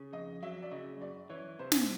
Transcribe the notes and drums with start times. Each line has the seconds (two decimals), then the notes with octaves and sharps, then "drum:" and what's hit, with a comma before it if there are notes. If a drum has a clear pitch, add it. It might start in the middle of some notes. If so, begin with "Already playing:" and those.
Already playing: C#3
0.13 F2 D#5
0.42 F#3 E5
0.62 D5
0.71 C#3 D#5
1.01 F#2 D5
1.29 E3 C#5
1.59 C3 C5
1.72 drum: snare